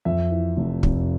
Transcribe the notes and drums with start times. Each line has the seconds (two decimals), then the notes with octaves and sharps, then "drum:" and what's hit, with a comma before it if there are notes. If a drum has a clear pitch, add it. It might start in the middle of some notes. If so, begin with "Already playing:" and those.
0.05 F2 E5
0.31 E3
0.57 F1
0.83 F1, drum: kick